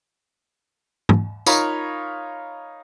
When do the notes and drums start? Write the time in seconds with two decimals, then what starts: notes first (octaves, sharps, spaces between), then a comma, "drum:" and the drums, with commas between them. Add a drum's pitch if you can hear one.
1.09 drum: tom G#2
1.46 D#4 F4 A#4 C#5 B5, drum: tambourine